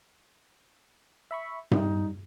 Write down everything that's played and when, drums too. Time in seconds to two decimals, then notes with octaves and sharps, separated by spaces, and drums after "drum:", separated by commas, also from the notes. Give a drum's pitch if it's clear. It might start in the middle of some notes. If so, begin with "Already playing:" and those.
1.31 E5 B5 C#6
1.71 G2 G3 D#4, drum: tom G2